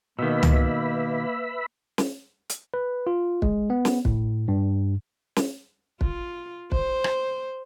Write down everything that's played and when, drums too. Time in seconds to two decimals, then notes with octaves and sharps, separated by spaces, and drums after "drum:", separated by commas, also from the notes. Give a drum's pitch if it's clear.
0.19 B2 D#3 A#3 B4 E5 B5
0.43 drum: tom
1.98 drum: snare
2.50 drum: hi-hat
2.74 B4
3.07 F4
3.42 G#3, drum: kick
3.70 B3
3.85 drum: snare
4.05 A2, drum: kick
4.48 G2
5.36 drum: snare
6.01 F4, drum: kick
6.72 C5, drum: kick
7.04 drum: rim click